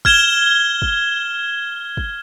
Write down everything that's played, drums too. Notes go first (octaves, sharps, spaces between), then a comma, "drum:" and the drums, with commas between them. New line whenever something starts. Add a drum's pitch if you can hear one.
F6 G#6 E7 G7, drum: kick
drum: kick
drum: kick